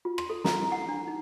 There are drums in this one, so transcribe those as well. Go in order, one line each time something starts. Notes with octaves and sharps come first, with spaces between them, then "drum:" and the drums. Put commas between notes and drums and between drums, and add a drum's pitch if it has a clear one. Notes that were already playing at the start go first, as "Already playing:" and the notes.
F4
C6, drum: rim click
A4
A#5, drum: snare
E4
F#5
D4
D#4